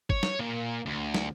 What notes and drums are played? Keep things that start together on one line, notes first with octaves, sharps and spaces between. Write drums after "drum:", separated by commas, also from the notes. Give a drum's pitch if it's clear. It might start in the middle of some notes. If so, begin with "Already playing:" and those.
C#5, drum: kick G1
drum: snare
A#2
D2
drum: snare